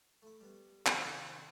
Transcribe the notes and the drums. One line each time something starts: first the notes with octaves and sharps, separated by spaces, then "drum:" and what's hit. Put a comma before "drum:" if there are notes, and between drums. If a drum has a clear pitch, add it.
A3 E4
G3 B3
C3 D#3 F3 E4 C#5, drum: clap